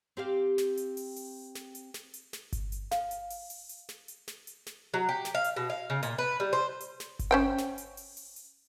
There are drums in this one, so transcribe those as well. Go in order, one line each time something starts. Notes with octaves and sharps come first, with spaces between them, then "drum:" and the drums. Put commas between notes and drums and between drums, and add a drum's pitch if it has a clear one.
C4 G4 F5
drum: snare
drum: hi-hat
drum: open hi-hat
drum: open hi-hat
drum: snare
drum: hi-hat
drum: snare
drum: hi-hat
drum: snare
drum: kick G1, hi-hat
drum: hi-hat
F5, drum: snare
drum: hi-hat
drum: open hi-hat
drum: open hi-hat
drum: hi-hat
drum: snare
drum: hi-hat
drum: snare
drum: hi-hat
drum: snare
F#3
G4
drum: snare
F5
drum: hi-hat
B2
F5
C#3
A#2, drum: hi-hat
B4
G3
C5
drum: hi-hat
drum: snare
drum: kick G1, hi-hat
C#4 C5 G5
drum: snare
drum: hi-hat
drum: open hi-hat
drum: open hi-hat
drum: hi-hat